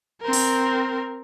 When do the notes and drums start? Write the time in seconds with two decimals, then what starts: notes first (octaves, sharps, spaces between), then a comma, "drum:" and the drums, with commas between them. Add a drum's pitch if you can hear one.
0.21 C4 A#4
0.33 drum: open hi-hat